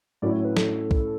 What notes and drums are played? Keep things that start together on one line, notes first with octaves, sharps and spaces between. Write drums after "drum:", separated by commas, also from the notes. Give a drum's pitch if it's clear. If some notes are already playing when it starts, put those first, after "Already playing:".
A2 F#3 C#4 E4 D5
C#5
B4
A4, drum: snare
drum: kick